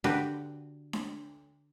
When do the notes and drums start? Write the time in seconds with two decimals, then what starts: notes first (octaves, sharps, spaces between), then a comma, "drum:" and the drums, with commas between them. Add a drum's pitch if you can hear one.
0.04 D3 F#4 G4 B4, drum: snare D4
0.93 drum: snare D4